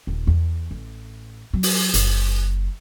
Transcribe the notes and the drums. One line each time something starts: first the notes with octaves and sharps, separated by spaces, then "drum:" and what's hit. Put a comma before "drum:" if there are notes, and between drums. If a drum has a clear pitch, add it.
D#1
E2
A1
F#3
drum: open hi-hat
F#1, drum: hi-hat